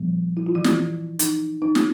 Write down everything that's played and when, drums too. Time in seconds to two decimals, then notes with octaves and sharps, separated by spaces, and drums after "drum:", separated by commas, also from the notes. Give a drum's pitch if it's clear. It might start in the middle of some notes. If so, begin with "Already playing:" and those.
Already playing: A#2 F3 G3 B3
0.37 E4
0.46 F4
0.55 E3 E4
0.64 drum: snare
1.19 D#4, drum: hi-hat
1.62 D#4
1.75 drum: snare